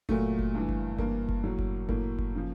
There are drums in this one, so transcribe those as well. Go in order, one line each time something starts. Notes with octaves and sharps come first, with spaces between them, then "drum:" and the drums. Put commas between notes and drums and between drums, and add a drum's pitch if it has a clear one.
A#2 F#3 A3, drum: kick F#1
drum: kick F#1
G2 E3
drum: kick F#1
G2 E3 A#3, drum: kick F#1
drum: kick F#1
A2 F#3
drum: kick F#1
A2 F#3 A#3, drum: kick F#1
drum: kick F#1
C#3 F3